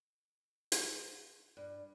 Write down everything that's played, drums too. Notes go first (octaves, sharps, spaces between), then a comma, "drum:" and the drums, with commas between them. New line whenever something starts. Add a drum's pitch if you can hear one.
drum: hi-hat
G2